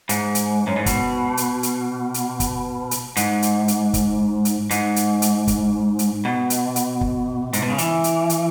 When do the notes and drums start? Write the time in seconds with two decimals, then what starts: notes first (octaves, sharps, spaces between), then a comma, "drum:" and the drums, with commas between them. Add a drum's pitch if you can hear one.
0.09 G#2, drum: hi-hat
0.35 drum: hi-hat
0.67 F#2
0.76 G#2
0.86 B2, drum: kick, hi-hat
1.37 drum: hi-hat
1.63 drum: hi-hat
2.14 drum: hi-hat
2.40 drum: kick, hi-hat
2.91 drum: hi-hat
3.17 G#2, drum: hi-hat
3.42 drum: hi-hat
3.68 drum: hi-hat
3.94 drum: kick, hi-hat
4.45 drum: hi-hat
4.71 G#2, drum: hi-hat
4.96 drum: hi-hat
5.22 drum: hi-hat
5.48 drum: kick, hi-hat
5.99 drum: hi-hat
6.25 B2
6.50 drum: hi-hat
6.76 drum: hi-hat
7.01 drum: kick
7.53 G#2, drum: hi-hat
7.62 B2
7.70 C#3
7.78 E3, drum: hi-hat
8.04 drum: hi-hat
8.30 drum: hi-hat